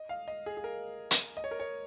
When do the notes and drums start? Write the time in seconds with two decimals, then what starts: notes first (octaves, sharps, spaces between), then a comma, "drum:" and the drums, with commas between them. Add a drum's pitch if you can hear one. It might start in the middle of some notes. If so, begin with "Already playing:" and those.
Already playing: D#5
0.09 F5
0.28 D#5
0.46 G#4
0.57 G#4
0.64 A#4
1.11 drum: hi-hat
1.37 D#5
1.44 C#5
1.51 A#4
1.60 C#5